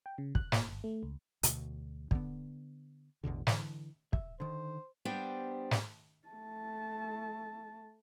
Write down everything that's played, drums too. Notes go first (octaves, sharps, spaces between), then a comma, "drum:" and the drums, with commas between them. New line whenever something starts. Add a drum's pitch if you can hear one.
G5
C#3
F#6, drum: kick
A#2, drum: snare
G1
A3
C#2
D2 B2, drum: hi-hat
D3 B3, drum: kick
A1 E2 B2 D3
D3 E3, drum: snare
E5, drum: kick
D3 D#3 C5
G3 B3 D4 C5 G5
drum: snare
A3 A5